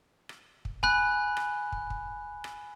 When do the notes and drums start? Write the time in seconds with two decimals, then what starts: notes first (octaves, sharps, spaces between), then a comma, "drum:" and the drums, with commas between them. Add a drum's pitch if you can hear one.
0.29 drum: rim click
0.65 drum: kick
0.83 G#5 B5 F#6, drum: kick
1.37 drum: rim click
1.72 drum: kick
1.90 drum: kick
2.44 drum: rim click